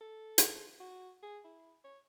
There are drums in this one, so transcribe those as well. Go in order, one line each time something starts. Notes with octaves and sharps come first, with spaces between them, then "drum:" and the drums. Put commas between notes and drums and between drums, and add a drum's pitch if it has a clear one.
A4
drum: hi-hat
F#4
G#4
E4
C#5